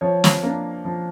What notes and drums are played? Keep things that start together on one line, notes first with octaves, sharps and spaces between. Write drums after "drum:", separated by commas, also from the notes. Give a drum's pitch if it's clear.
F3 C#5
drum: snare
A#3 D4
F3